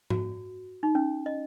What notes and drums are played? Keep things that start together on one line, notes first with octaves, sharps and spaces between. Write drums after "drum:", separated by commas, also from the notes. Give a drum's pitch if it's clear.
F#4, drum: tom G#2
D#4
C#4
D#5